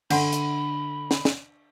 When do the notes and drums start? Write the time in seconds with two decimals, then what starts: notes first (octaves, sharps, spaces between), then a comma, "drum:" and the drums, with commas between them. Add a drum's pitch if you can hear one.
0.10 D3 D4 F#5 B5 C6, drum: cymbal
0.33 drum: hi-hat
1.11 drum: snare
1.25 drum: snare